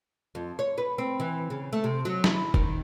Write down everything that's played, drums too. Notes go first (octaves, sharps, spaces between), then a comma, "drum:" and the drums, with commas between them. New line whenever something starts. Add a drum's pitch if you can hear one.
F2
C#5
B4
C4
E3
C#3
A3
C3
F#3
E4, drum: snare
D#3, drum: kick